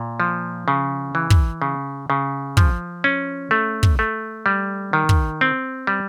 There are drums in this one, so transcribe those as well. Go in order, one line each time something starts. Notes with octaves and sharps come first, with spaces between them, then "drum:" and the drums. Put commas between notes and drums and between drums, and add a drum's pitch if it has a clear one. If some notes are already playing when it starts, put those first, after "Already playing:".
Already playing: A#2
F3
C#3
E3
drum: kick
C#3
C#3
F3, drum: kick
C#4
A3
drum: kick
A3
G3
D#3
drum: kick
C4
G3